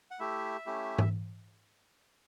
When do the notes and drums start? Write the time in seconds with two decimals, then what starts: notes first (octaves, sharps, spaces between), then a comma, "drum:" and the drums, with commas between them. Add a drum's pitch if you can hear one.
0.11 F#5
0.20 A3 E4 G4 E5
0.66 A3 C#4 E4 G4
0.98 drum: tom G#2